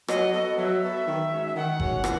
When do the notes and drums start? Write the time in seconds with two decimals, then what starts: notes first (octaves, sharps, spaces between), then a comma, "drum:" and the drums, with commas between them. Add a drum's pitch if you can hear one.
0.08 F#3 D#5, drum: rim click
0.33 B3 F#4 A4 D#5
0.57 F#3 E5
0.82 B3 F#4 A4
1.06 D#3
1.31 G#3 C#4 F#4 C#5
1.47 E5
1.55 D#3 F#5
1.80 G#3 C#4 F#4 C#5, drum: kick G1
2.04 E3, drum: rim click